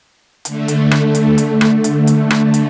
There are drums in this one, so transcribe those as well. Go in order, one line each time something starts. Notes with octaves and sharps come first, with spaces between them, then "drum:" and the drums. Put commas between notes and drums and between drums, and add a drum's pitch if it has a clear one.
D3 A3, drum: hi-hat
drum: hi-hat
drum: rim click
drum: hi-hat
drum: hi-hat
drum: rim click
drum: hi-hat
drum: hi-hat
drum: rim click
drum: hi-hat